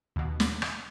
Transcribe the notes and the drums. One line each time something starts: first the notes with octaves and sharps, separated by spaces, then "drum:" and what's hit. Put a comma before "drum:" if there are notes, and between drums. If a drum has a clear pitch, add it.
D#2 B2
drum: snare
drum: rim click